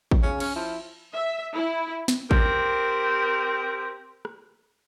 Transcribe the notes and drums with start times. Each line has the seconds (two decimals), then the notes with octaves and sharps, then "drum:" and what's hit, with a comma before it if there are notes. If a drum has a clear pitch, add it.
0.11 drum: kick A1
0.23 C#3 C#4
0.40 C#4, drum: cymbal
0.56 F3 E4
1.14 E5
1.54 E4
2.08 drum: snare
2.31 C4 G4 A#4, drum: kick A1
4.25 drum: rim click